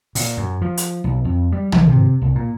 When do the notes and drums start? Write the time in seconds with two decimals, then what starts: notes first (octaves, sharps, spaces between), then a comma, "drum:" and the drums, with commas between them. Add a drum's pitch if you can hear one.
0.15 A#2, drum: open hi-hat
0.37 F#2
0.62 F3
0.77 drum: hi-hat
1.04 B1
1.25 F2
1.52 G3
1.72 B1, drum: tom
1.89 C3
2.22 C2
2.35 A#2